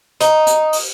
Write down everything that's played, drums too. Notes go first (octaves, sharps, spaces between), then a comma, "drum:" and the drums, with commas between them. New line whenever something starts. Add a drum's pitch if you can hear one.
D#4, drum: hi-hat
drum: hi-hat
drum: open hi-hat